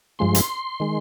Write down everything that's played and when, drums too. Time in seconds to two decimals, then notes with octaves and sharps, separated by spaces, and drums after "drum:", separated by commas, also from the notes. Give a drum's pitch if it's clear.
0.19 G2 F3 G#3 C6
0.35 drum: hi-hat
0.80 D#3 G#3